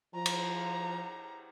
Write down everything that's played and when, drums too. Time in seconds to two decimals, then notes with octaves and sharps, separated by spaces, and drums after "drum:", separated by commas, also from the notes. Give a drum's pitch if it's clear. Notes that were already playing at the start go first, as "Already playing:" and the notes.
0.15 F3 A#5
0.26 drum: cymbal